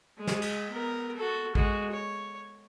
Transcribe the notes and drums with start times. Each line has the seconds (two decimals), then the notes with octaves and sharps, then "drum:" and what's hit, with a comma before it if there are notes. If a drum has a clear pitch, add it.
0.18 G#3
0.27 drum: snare
0.42 drum: cymbal
0.71 B3 A#4
1.17 F#4 A4
1.55 G#3 F#4, drum: kick
1.91 C#5